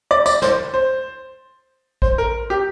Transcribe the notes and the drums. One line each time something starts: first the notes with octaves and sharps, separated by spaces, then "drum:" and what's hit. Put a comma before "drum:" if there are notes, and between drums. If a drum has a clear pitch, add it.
D5
D5, drum: tambourine
C5, drum: snare
C5
C5, drum: kick A1
A#4
G4